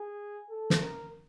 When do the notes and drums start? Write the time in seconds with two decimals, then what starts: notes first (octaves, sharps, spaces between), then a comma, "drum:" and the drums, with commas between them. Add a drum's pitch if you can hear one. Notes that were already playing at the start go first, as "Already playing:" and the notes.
Already playing: G#4
0.50 A4
0.70 drum: snare
0.80 A#4